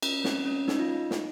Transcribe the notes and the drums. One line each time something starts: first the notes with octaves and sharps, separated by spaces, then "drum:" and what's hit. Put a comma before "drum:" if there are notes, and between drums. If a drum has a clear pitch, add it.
C#4, drum: cymbal
C4, drum: snare
C#4
D#4, drum: snare
F4
D#4
drum: snare